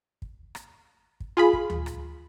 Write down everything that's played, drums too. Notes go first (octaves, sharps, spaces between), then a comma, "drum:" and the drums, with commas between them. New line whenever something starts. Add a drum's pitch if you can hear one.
drum: kick
drum: rim click
drum: kick
F4 G#4 B5
drum: kick
drum: tom D2
drum: rim click